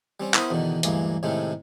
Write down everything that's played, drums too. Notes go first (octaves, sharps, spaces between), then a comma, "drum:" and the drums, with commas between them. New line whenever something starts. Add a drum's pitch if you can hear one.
G3 C4 C#4
B3 E4 A#4 C5 B5 D#6, drum: clap
E2 B2 D3 D#3
D2 G2 E3 G#3 A#3, drum: hi-hat
A2 C3 D#3 G#3 A3